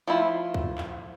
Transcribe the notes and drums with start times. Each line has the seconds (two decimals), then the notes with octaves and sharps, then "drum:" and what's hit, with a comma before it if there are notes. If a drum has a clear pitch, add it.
0.07 F3 A3 E4 F4
0.54 drum: kick
0.78 drum: clap